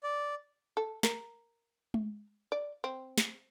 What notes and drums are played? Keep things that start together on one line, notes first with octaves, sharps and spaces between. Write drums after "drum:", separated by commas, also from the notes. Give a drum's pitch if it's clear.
D5
A4
A#4, drum: snare
drum: tom G#3
D5
C4
drum: snare